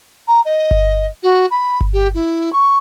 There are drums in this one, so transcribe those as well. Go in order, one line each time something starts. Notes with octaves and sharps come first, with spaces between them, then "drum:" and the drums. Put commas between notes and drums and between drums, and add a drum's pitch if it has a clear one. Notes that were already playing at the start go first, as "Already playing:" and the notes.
A#5
D#5
drum: kick G1
F#4
B5
drum: kick G1
G4
E4
C#6